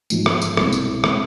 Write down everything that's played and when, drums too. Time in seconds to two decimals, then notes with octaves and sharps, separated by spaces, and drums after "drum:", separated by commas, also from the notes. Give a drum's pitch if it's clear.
0.10 G#2 F3 G#3 B3, drum: tambourine
0.26 drum: rim click
0.42 drum: tambourine
0.57 C2 B2 G#3 C4, drum: rim click
0.73 drum: tambourine
1.04 G#3 C4, drum: rim click